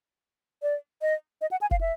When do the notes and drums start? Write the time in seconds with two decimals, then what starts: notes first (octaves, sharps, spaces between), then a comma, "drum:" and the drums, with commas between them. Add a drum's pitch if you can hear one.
0.63 D5
1.02 D#5
1.41 D#5
1.51 F#5
1.61 G#5
1.71 F5, drum: kick F1
1.81 E5